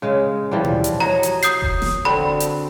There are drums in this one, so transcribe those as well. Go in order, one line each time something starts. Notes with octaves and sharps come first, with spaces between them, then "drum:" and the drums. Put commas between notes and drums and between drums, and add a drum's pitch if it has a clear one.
C#3 G#3 F5
E3 F3 G3
drum: tom A#2
drum: hi-hat
F#4 C#5 D#5 A#5
drum: hi-hat
D#6 G6 C7, drum: hi-hat
drum: kick F1
drum: snare
D3 C4 F#4 B5
drum: hi-hat